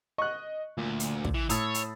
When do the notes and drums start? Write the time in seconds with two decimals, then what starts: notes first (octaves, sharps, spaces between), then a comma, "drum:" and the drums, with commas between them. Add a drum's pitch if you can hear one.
0.18 D#5 C#6 F#6
0.78 D2 A#2
1.00 drum: hi-hat
1.25 drum: kick
1.34 E3
1.50 A2 C#5 D#6 E6 A6, drum: hi-hat
1.74 drum: hi-hat